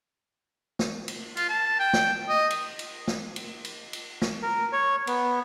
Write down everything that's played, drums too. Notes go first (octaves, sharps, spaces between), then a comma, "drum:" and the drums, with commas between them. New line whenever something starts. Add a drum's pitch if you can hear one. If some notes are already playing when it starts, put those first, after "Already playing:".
drum: snare
drum: cymbal
F4, drum: cymbal
A5
G5
drum: snare
D#5
drum: cymbal
drum: cymbal
drum: snare
drum: cymbal
drum: cymbal
drum: cymbal
drum: snare
A#4
C#5
B3, drum: cymbal